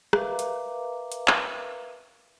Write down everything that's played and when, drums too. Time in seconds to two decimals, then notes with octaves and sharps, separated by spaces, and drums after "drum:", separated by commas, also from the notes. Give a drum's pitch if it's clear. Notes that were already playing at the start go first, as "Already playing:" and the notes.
0.13 A#4 B4 E5 F5 A#5 D6, drum: rim click
0.39 drum: hi-hat
1.12 drum: hi-hat
1.28 drum: clap